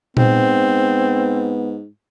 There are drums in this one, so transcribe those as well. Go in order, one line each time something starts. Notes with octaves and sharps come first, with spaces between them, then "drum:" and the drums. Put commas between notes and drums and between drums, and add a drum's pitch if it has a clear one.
G#2 B3 C4, drum: tom A#2